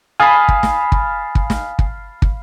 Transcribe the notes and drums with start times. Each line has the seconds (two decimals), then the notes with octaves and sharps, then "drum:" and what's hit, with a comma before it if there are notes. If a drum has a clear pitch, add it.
0.20 F5 G#5 A5 B5 D#6
0.48 drum: kick
0.63 drum: snare
0.92 drum: kick
1.35 drum: kick
1.50 drum: snare
1.79 drum: kick
2.22 drum: kick